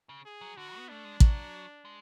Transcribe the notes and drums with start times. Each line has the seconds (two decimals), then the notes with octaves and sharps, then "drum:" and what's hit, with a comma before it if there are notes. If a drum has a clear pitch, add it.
0.09 C#3
0.26 G#4
0.41 F#3
0.57 D3 F#4
0.77 B3
0.89 A3 D4
1.05 G#3
1.20 F#3, drum: kick
1.85 G#3